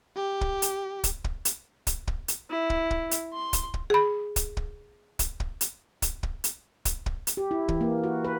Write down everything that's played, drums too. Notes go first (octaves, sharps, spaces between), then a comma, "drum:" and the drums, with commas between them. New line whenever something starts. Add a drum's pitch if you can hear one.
G4
drum: kick
drum: hi-hat
drum: kick, hi-hat
drum: kick
drum: hi-hat
drum: kick, hi-hat
drum: kick
drum: hi-hat
E4
drum: kick
drum: kick
drum: hi-hat
C6
drum: kick, hi-hat
drum: kick
G#4 B5
drum: kick, hi-hat
drum: kick
drum: kick, hi-hat
drum: kick
drum: hi-hat
drum: kick, hi-hat
drum: kick
drum: hi-hat
drum: kick, hi-hat
drum: kick
drum: hi-hat
G4
E4
E3, drum: kick
A#3
F#4
B4